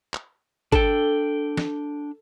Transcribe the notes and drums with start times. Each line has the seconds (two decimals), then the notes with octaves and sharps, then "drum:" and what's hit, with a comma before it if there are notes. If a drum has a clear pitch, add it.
0.14 drum: clap
0.72 D4 A4 G5, drum: kick
1.57 drum: snare